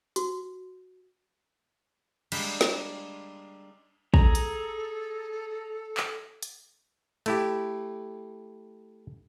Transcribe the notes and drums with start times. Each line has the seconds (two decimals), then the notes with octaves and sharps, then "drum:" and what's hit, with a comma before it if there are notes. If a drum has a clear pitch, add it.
0.16 F#4, drum: hi-hat
2.32 G3 G#3 A#3 D4 G5 B5, drum: cymbal
2.61 drum: snare
4.14 G#4 A4 A#5, drum: kick
4.35 drum: hi-hat
5.97 drum: clap
6.43 drum: hi-hat
7.26 A3 E4 G4, drum: cymbal